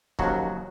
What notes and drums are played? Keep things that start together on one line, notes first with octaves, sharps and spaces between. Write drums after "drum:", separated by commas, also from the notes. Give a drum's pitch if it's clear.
D#2 C#3 F3 F#3 F#4, drum: kick C#1